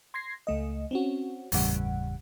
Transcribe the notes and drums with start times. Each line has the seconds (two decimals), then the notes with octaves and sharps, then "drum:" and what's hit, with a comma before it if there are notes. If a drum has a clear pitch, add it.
0.14 C6 G#6 A#6 C7
0.47 C#2 A3 D#5
0.91 C4 C#4 F#4
1.52 G1 E2 A2 C#3 G3 F#5, drum: open hi-hat